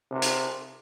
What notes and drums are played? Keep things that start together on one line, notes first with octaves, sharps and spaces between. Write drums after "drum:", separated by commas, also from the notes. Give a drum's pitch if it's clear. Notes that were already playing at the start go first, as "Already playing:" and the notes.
C3
drum: hi-hat